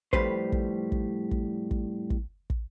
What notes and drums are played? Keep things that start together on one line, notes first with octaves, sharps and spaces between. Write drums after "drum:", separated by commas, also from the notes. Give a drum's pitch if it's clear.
F2 A2 G3 B4 C5, drum: kick
drum: kick
drum: kick
drum: kick
drum: kick
drum: kick
drum: kick